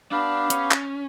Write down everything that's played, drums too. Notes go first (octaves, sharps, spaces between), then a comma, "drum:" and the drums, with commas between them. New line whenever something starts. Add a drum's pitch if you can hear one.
B3 D4 G4 D5 F5
C#4, drum: hi-hat
drum: clap